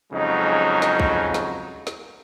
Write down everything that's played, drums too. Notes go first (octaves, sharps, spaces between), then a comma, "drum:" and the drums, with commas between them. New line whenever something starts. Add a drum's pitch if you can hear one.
F2 C#3 F#3 G#3 D#4
drum: snare
drum: kick
drum: snare
drum: snare